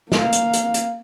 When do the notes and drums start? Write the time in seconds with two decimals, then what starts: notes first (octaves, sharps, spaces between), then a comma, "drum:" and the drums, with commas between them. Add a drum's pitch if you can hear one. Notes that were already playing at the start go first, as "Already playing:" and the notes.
0.12 A#3 F5, drum: snare
0.32 drum: hi-hat
0.53 drum: hi-hat
0.74 drum: hi-hat